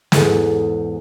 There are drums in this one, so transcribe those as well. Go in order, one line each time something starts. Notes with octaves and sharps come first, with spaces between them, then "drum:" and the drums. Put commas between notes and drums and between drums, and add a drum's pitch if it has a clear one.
E2 G#2 E4 G#4 A4 F#5, drum: snare